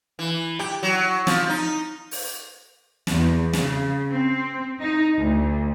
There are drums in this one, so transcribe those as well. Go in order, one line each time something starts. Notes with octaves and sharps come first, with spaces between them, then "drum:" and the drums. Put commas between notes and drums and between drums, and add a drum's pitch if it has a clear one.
E3
G4, drum: rim click
F#3
F3, drum: snare
D#4
drum: open hi-hat
E2, drum: snare
C#3, drum: snare
C4
D#4
D2